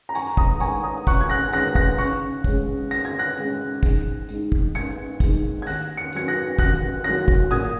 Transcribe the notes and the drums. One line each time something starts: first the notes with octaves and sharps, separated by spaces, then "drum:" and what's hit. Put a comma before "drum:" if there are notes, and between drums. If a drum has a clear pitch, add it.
A#5
F#2 G#5 C#6, drum: tambourine
A#5 D#6, drum: kick
D#3 G#3 G#5 C#6, drum: tambourine
A#5 D#6
F#2 C#6 F#6, drum: kick, tambourine
G#6
F#6 A#6
D#3 G#3 F#6 A#6, drum: tambourine
F#6 A#6, drum: kick
C#3 C#6 F#6, drum: tambourine
G#3 C#4, drum: kick, tambourine
C#3 A#6, drum: tambourine
G#6
F#6 A#6
G#3 C#4, drum: tambourine
G#2, drum: kick, tambourine
G#3 D#4, drum: tambourine
drum: kick
G#2 G#6 C#7, drum: tambourine
G#3 D#4, drum: kick, tambourine
G#6
D#2 F#6 A#6, drum: tambourine
C#7
D#3 F#3 G#6 C#7, drum: tambourine
F#6 A#6
D#2 F#6 A#6, drum: kick, tambourine
D#3 F#3 F#6 A#6, drum: tambourine
drum: kick
A#2 D#6 G#6, drum: tambourine